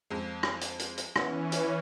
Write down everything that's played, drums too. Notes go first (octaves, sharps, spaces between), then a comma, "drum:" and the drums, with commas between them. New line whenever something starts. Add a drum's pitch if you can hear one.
F2 G#3
drum: rim click
drum: hi-hat
drum: hi-hat
drum: hi-hat
E3 B3 C#4 E4, drum: rim click
drum: hi-hat